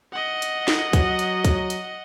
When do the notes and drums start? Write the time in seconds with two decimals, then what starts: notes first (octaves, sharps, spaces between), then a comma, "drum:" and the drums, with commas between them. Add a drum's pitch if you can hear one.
0.13 D#5 F#5
0.42 drum: hi-hat
0.68 drum: snare
0.93 F#3, drum: kick, hi-hat
1.19 drum: hi-hat
1.45 drum: kick, hi-hat
1.70 drum: hi-hat